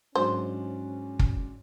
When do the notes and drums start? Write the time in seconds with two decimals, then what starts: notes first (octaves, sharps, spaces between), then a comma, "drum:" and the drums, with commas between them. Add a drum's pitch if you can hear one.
0.15 G#2 F#3 C#4 D4 C5
1.19 drum: kick